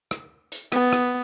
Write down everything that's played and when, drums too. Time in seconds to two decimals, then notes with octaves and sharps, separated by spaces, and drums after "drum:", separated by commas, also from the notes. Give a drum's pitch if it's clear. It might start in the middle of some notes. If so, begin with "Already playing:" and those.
0.11 drum: rim click
0.52 drum: hi-hat
0.72 B3, drum: rim click
0.93 drum: rim click